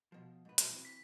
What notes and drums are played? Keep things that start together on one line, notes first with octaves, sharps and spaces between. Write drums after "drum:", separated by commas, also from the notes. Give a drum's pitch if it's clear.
B2 F3
G#2 B4
B2 F#3 B3, drum: hi-hat
E3 C4
B6